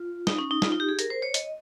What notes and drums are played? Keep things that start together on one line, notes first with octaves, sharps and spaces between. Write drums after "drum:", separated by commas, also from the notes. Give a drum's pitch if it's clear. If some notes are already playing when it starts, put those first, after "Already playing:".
Already playing: F4
D#4, drum: snare
C#4
D#4
F4, drum: snare
D#4
G4
G#4
A#4, drum: hi-hat
C5
C#5
D#5, drum: hi-hat